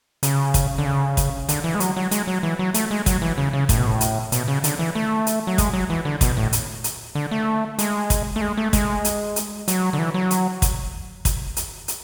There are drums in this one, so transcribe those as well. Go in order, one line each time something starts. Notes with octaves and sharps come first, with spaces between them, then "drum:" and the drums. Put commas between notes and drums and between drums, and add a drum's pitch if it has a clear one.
C#3, drum: hi-hat
drum: kick, hi-hat
D3
C#3
drum: kick, hi-hat
D3, drum: hi-hat
E3
G#3
F#3, drum: hi-hat
F#3
G#3, drum: hi-hat
F#3
E3
F#3
A3, drum: hi-hat
G#3
F#3, drum: kick, hi-hat
E3
C#3
C#3
A2, drum: kick, hi-hat
B2
A2
drum: hi-hat
B2, drum: hi-hat
C#3
D3, drum: hi-hat
E3
A3
drum: hi-hat
F#3
G#3, drum: kick, hi-hat
F#3
E3
D3
B2, drum: kick, hi-hat
A2
drum: hi-hat
drum: hi-hat
D3
A3
G#3, drum: hi-hat
drum: kick, hi-hat
A3
G#3
A3
G#3, drum: kick, hi-hat
drum: hi-hat
drum: hi-hat
F#3, drum: hi-hat
D3
E3
F#3
drum: hi-hat
drum: kick, hi-hat
drum: kick, hi-hat
drum: hi-hat
drum: hi-hat